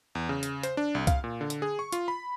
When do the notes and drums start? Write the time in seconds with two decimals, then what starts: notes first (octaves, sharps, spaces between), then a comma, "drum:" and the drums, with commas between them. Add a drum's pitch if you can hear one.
0.15 E2
0.29 C#3
0.43 drum: hi-hat
0.63 C5, drum: hi-hat
0.77 D4
0.95 C2
1.07 F5, drum: kick C2, hi-hat
1.24 A#2
1.41 D3
1.50 drum: hi-hat
1.62 G#4
1.79 C#6
1.92 F4, drum: hi-hat
2.08 B5